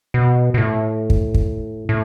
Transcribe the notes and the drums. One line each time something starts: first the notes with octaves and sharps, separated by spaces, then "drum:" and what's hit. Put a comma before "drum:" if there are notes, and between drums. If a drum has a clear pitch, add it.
B2
B2
A2
drum: kick
drum: kick
A2